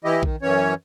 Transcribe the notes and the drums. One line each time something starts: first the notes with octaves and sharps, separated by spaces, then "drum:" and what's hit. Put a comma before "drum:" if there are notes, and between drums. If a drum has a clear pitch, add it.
E3 E4 G4 D#5
D#3, drum: kick A#1
F#2 E3 C#4 C#5